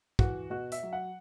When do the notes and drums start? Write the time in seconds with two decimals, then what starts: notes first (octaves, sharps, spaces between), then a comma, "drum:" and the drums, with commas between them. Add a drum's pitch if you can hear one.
0.19 E3 F#4, drum: kick
0.50 B2 F#4
0.72 E5, drum: hi-hat
0.83 F#3
0.93 F#5